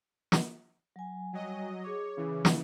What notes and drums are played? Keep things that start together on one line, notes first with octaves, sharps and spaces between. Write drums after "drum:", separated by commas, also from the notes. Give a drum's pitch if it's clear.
drum: snare
F#3 G#5
F#3 G3 D#5 G#5
G#4 C#5 D6
C#3 E3
drum: snare